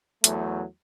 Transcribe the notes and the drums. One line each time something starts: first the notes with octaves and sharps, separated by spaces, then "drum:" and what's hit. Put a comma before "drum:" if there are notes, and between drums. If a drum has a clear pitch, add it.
E2 F#3 A3, drum: hi-hat